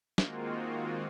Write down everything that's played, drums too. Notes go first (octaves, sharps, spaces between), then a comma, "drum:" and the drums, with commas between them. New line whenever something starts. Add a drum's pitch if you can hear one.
D#3 G#3 A#3 C4 F4 F#4, drum: snare